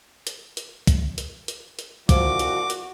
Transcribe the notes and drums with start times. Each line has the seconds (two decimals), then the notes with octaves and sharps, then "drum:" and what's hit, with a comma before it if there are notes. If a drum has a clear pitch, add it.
0.27 drum: hi-hat
0.57 drum: hi-hat
0.87 drum: kick, hi-hat
1.18 drum: hi-hat
1.48 drum: hi-hat
1.79 drum: hi-hat
2.09 C2 F3 F#4 D6, drum: kick, hi-hat
2.39 drum: hi-hat
2.70 drum: hi-hat